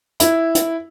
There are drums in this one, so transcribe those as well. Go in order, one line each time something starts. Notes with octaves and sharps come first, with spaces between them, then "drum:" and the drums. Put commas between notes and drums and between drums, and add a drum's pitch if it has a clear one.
E4, drum: hi-hat
drum: hi-hat